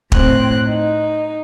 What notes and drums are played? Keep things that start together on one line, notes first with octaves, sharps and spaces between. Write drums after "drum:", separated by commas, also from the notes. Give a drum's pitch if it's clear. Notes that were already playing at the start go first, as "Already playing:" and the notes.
A2 C4 F#6, drum: kick
D#4